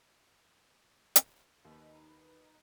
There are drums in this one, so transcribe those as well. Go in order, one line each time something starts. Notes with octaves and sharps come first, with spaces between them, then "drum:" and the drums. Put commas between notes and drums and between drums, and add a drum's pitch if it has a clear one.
drum: hi-hat
D#2 D#4 B4